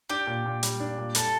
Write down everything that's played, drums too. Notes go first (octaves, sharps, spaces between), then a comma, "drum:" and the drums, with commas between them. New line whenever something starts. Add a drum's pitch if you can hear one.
D4 G4
A#2
A#2
G3, drum: hi-hat
D4
A#2
G3 A4, drum: hi-hat